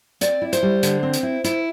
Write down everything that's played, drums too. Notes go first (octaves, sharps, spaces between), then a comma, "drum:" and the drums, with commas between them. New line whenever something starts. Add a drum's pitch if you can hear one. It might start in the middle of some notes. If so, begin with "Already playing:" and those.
C4 D5, drum: hi-hat
E4
C5, drum: hi-hat
G3
D3, drum: hi-hat
C4
drum: hi-hat
E4
E4, drum: hi-hat